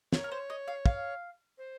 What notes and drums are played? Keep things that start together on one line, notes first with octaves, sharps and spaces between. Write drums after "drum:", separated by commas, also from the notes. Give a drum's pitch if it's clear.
A#4 C#5, drum: snare
A#4
C5
D#5
F5
F5, drum: kick
C5